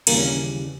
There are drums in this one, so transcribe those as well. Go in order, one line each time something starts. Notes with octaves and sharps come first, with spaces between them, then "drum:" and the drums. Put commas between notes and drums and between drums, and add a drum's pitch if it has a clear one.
D#2 C#3 E3 G3 A#3 A#4, drum: cymbal
C#4 C#5